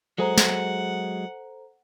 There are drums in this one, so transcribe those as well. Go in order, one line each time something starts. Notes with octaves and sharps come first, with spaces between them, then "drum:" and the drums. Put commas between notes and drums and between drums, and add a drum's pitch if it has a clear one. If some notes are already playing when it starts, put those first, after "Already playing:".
F#3 G#3 G#4 A4 C5 F#5 A#5
drum: snare